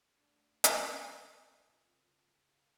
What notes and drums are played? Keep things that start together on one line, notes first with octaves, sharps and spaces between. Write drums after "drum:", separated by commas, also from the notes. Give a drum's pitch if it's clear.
A3 A#3 D4 F#4 A4
drum: hi-hat
C4 F4 A#4
C#3 A5 D#6
F5